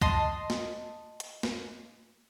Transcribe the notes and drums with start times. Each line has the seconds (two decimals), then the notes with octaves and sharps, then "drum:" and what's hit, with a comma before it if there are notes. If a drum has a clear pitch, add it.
0.01 D#5 A5 C6, drum: kick
0.50 drum: snare
1.20 drum: hi-hat
1.43 drum: snare